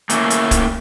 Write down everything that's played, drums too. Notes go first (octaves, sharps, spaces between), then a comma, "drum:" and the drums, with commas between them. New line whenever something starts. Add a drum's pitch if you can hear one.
A3 A#3 C#4 E4, drum: hi-hat
drum: hi-hat
drum: kick, hi-hat